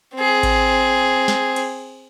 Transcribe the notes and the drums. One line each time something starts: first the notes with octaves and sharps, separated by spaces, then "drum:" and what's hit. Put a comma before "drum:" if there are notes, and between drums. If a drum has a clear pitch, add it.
C4 G#4
drum: kick A1, cymbal
drum: snare
drum: cymbal